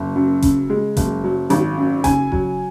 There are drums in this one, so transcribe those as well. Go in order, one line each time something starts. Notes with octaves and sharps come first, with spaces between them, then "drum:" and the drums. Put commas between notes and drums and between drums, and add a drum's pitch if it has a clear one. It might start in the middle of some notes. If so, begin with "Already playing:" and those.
Already playing: F#1
F#2
C#3, drum: kick F#1, hi-hat
G#3
F#1, drum: kick F#1, hi-hat
F#3
G#1, drum: hi-hat
F#2
C#3 G#5, drum: kick F#1, hi-hat
F#3, drum: kick F#1